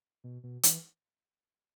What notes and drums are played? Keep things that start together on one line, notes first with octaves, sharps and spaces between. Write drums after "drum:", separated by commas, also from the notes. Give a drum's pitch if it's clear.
B2
B2
E3, drum: hi-hat